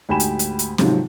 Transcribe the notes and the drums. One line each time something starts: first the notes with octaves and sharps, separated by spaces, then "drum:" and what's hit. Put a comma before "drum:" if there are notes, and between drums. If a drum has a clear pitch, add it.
D2 G#2 G4 G#5 B5 E7
drum: hi-hat
drum: hi-hat
drum: hi-hat
G#2 C3 D#3 F3 F#3, drum: snare C#4